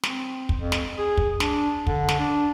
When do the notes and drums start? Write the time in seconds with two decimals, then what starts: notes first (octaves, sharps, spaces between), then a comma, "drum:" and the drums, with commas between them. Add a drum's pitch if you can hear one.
0.03 C4, drum: snare
0.49 drum: kick
0.59 F2
0.72 drum: snare
0.98 G#4
1.17 drum: kick
1.40 D4, drum: snare
1.87 D3, drum: kick
2.09 drum: snare
2.19 D4